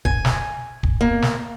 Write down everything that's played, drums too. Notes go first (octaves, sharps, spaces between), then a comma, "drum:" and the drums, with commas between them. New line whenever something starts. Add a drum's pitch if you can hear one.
G#5, drum: kick
drum: snare
drum: kick
A#3
drum: snare